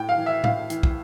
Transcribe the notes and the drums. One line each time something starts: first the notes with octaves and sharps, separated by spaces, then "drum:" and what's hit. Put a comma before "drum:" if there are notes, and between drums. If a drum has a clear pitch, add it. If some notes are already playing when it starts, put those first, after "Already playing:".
Already playing: A2 G5
F5
E3
E5
A2 F5, drum: tom A2
E3, drum: hi-hat
drum: kick